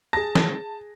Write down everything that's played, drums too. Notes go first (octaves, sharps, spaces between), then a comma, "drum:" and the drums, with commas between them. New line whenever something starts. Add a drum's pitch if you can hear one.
G#4 A5 A#6
drum: snare